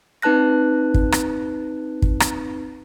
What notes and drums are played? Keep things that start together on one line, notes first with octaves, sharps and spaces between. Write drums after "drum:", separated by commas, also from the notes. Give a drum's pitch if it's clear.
C4 D#4 B4 A5 F#6 A#6
drum: kick
drum: rim click
drum: kick
drum: rim click